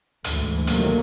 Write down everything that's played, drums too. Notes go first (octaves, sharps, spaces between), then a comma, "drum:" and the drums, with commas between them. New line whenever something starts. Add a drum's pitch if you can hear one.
D2 G#2 E3, drum: hi-hat
C3 D#3 F#3 A3 A#3, drum: hi-hat